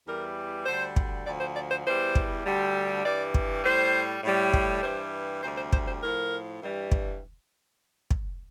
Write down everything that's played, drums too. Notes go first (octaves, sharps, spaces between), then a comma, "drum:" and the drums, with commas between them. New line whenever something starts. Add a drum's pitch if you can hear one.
E2 E3 G3 A#4
D2 D3 G3 C5
drum: kick
D2 D3 F3 D5
C5
D5
C5
E2 E3 G3 C5
drum: kick
D2 D3 G3
G2 E3 G3 D5
drum: kick
A2 G3 C5
A2 G3
drum: kick
G2 E3 G3 C5
D2 C3 G3 C5
C5
C5, drum: kick
C5
A2 F3 A#4
G2 E3 G3
drum: kick
drum: kick